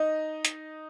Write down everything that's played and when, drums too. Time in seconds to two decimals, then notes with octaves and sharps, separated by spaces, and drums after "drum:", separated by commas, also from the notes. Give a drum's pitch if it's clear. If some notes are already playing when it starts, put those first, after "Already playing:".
Already playing: D#4 D#5
0.45 drum: hi-hat